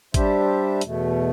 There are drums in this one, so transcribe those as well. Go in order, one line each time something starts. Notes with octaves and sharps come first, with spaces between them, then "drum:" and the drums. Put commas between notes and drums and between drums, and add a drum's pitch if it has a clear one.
G3 D4 G4 C5 E5, drum: kick, hi-hat
E2 B2 A3, drum: hi-hat